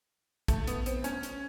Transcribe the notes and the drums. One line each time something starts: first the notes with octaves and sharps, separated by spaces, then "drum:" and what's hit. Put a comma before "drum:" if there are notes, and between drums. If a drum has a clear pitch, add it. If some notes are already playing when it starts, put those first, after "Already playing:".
A3, drum: kick, hi-hat
B3, drum: hi-hat
C4, drum: hi-hat
C#4, drum: hi-hat
drum: hi-hat